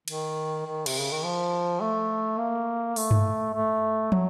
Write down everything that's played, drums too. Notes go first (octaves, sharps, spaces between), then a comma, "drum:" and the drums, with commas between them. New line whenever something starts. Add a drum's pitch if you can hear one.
D#3, drum: cymbal
D#3
C3, drum: cymbal
C#3
D#3
F3
A3
A#3
A3, drum: open hi-hat
drum: tom G2
A3
F#3, drum: tom